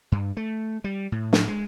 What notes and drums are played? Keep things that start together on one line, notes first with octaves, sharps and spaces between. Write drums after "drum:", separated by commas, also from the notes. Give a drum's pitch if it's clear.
G2
A3
G3
A2
drum: snare
G#3